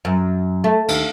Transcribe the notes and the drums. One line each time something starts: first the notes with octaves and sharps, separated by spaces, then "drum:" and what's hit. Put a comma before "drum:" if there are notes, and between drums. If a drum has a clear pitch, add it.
F#2
A3
D#2, drum: cymbal